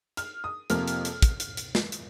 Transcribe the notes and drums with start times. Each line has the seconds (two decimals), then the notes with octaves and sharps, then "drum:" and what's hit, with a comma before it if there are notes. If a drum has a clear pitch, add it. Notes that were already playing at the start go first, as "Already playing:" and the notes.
0.17 F6, drum: hi-hat
0.44 D#6
0.70 F2 C3 F3 A#3 F6, drum: hi-hat
0.88 drum: hi-hat
1.05 drum: hi-hat
1.22 drum: kick, hi-hat
1.40 drum: hi-hat
1.57 drum: hi-hat
1.75 drum: snare
1.92 drum: hi-hat